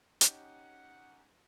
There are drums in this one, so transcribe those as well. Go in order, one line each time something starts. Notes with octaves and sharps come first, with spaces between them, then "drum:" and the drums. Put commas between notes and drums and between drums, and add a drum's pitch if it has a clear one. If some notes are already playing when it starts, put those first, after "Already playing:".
C#4 D#4 G4 F#5, drum: hi-hat